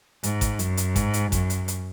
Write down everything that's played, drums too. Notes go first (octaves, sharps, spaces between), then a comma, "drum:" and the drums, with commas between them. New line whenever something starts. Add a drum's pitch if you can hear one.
G#2, drum: hi-hat
drum: kick G#1, hi-hat
F#2, drum: hi-hat
drum: hi-hat
G#2, drum: kick G#1, hi-hat
drum: hi-hat
F#2, drum: kick G#1, hi-hat
drum: hi-hat
drum: hi-hat